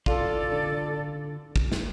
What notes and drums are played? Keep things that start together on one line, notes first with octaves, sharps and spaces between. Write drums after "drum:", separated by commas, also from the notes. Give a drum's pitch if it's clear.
F4 A4 D5, drum: kick
D3
drum: kick
drum: snare